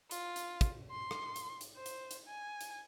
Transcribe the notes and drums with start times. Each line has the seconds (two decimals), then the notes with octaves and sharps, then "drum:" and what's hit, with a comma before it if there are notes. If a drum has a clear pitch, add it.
0.11 F4, drum: hi-hat
0.36 drum: hi-hat
0.61 drum: kick, hi-hat
0.91 C6
1.11 drum: rim click
1.36 drum: hi-hat
1.61 drum: hi-hat
1.77 C5
1.86 drum: hi-hat
2.11 drum: hi-hat
2.28 G#5
2.61 drum: hi-hat